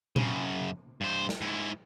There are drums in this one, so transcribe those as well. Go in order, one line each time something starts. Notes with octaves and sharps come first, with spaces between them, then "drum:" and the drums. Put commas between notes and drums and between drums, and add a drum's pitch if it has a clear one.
F#2 C#3, drum: tom A#2
G2 C5
drum: snare
G#2 E4